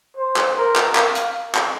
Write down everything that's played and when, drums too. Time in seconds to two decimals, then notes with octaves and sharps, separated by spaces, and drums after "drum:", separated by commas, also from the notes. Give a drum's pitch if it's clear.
0.17 C5
0.36 drum: clap
0.57 A#4
0.76 drum: clap
0.95 F5, drum: clap
1.15 drum: hi-hat
1.55 drum: clap